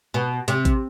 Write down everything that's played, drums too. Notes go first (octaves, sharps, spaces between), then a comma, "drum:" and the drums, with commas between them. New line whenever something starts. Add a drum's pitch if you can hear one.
B2
C3, drum: hi-hat
drum: kick A1, hi-hat